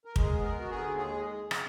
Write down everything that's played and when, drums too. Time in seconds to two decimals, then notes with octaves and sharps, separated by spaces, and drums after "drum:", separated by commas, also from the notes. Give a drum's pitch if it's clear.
0.05 A#4
0.16 G#3 G#4, drum: kick
0.34 B3
0.43 A#4
0.51 B3
0.59 F#4
0.70 D3 G#4
0.87 D#2
0.97 G#4
1.06 G#3
1.51 drum: rim click